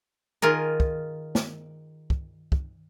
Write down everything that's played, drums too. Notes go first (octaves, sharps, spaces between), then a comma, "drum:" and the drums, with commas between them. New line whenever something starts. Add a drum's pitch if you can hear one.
D#3 F4 G#4 A#4
drum: kick
drum: snare
drum: kick
drum: kick